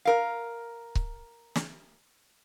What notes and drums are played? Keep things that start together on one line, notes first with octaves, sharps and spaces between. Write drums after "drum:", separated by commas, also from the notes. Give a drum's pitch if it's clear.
A#4 F5
drum: kick C#1
drum: snare